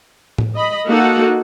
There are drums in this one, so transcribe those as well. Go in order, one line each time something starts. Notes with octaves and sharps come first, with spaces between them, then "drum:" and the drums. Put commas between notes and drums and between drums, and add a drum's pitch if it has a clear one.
drum: tom A2
D#5 B5
A#3 D#4 F#4 A4 F#5